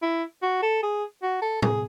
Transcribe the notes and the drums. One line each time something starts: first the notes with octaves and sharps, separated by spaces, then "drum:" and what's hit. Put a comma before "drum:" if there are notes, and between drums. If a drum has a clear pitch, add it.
E4
F#4
A4
G#4
F#4
A4
G#4, drum: tom